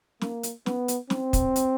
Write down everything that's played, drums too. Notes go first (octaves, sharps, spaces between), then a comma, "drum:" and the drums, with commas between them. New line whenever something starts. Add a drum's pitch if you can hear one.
A#3, drum: snare
drum: hi-hat
B3, drum: snare
drum: hi-hat
C4, drum: snare
drum: kick, hi-hat
drum: hi-hat